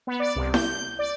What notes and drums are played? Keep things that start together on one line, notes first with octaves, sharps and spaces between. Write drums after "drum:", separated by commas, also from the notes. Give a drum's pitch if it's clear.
B3
D5
C2
G6, drum: snare E4
D5